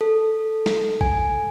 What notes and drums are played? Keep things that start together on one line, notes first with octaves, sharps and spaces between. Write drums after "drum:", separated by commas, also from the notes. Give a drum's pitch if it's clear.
A4
drum: snare
G#5, drum: kick A1